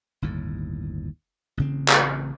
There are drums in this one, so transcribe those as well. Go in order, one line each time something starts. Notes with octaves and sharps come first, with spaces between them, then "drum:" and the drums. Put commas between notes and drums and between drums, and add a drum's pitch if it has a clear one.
G1 D#2 A2
A1 C#3 C4
drum: clap